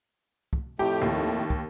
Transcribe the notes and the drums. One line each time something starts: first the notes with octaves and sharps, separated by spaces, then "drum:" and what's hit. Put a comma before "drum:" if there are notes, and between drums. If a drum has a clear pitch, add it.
drum: kick
F2 A2 A3 G4
D#2
drum: kick